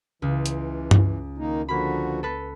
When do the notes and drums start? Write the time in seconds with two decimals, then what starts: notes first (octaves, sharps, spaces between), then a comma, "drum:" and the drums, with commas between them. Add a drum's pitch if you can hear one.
0.22 C#2 E3
0.46 drum: hi-hat
0.91 drum: tom G2
1.38 D#3 A#3 D#4
1.69 D3 F3 A#3 F#4 B5
2.23 A4 B4